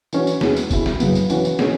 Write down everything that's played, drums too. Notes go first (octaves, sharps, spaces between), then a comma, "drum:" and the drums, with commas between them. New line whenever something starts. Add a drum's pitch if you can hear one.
E3 C#4 F#4, drum: tambourine
drum: tambourine
E2 E3 G#3 C#4, drum: snare
drum: tambourine
B2 G#3 E4, drum: kick, tambourine
drum: snare
F#2 C#3 F#3 B3, drum: tambourine
drum: tambourine
E3 C#4 F#4, drum: tambourine
drum: tambourine
B2 G#3 C#4 G#4, drum: snare